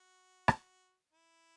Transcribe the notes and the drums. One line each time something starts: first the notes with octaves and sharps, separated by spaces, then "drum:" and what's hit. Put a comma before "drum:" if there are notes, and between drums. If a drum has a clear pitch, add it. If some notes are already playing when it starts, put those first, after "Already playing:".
Already playing: F#4
drum: rim click
E4